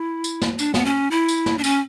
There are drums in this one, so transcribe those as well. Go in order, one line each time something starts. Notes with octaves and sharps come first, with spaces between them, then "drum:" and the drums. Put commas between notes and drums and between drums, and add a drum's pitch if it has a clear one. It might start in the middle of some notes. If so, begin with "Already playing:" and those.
Already playing: E4
drum: tambourine
drum: snare
D4, drum: tambourine
B3, drum: snare
C#4
E4
drum: tambourine
drum: snare
D4
C#4, drum: tambourine